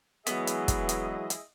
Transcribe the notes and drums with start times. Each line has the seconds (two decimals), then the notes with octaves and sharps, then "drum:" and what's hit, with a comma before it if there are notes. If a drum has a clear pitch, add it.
0.27 E3 F#3 G#3 B3 E4 G#4 D#5, drum: hi-hat
0.47 drum: hi-hat
0.68 drum: kick, hi-hat
0.89 drum: hi-hat
1.30 drum: hi-hat